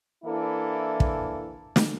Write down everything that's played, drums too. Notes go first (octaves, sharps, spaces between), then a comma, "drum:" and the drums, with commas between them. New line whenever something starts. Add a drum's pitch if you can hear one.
E3 A#3 D4 E4 A4
drum: kick
drum: snare